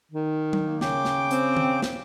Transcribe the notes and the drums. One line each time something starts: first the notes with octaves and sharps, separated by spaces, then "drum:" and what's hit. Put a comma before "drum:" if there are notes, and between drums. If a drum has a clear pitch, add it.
D#3
drum: tom F#3
A#3
C#3 G5 D6, drum: snare
drum: snare
C4, drum: hi-hat
drum: tom D#3
drum: snare